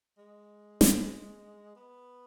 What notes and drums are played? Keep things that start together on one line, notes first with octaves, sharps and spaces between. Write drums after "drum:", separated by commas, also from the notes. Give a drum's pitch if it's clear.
G#3
drum: snare
B3